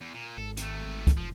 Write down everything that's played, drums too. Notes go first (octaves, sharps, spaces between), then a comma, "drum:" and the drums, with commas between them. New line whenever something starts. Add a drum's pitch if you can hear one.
E2
A#2
G#1 A4
C3 A3, drum: hi-hat
G#1
drum: kick, hi-hat
F1 F3